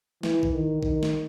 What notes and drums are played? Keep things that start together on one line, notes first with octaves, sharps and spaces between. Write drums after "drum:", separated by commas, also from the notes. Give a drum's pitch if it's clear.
E3, drum: snare
drum: kick A1
D#3
D#3, drum: kick A1
drum: snare